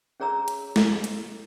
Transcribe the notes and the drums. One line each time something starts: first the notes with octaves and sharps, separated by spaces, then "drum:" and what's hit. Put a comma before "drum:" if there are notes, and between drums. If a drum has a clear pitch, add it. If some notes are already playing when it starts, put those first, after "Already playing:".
C#4 G#4 C#5 A#5 E6
drum: hi-hat
drum: snare
drum: hi-hat